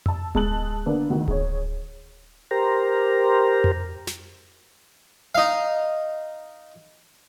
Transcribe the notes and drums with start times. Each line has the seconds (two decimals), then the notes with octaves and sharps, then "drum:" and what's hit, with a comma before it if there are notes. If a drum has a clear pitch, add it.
0.06 A5 E6, drum: tom F2
0.35 G#3 G#4 A5 F#6 F#7, drum: kick D1
0.86 D3 A#3 B3 D4
1.10 D2 D#3
1.28 G#4 C#5, drum: kick D1
2.51 G4 A#4 C5 A#5
3.64 drum: tom F2
4.07 drum: snare
5.35 D#4 F5